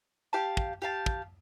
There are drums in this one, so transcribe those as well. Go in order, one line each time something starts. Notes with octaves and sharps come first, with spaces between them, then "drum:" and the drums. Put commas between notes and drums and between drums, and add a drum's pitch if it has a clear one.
G4 F5 A5
drum: kick
G4 F5 A5
drum: kick